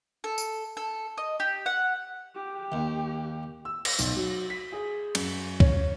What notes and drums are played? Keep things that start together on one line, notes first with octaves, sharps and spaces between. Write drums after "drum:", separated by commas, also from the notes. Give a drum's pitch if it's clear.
A4
drum: tambourine
A4
D#5
G4
F#5
G4
D#2
E6
A#6, drum: cymbal
B1, drum: tambourine
F#3
B6
G#4
F#2, drum: cymbal
C#4, drum: kick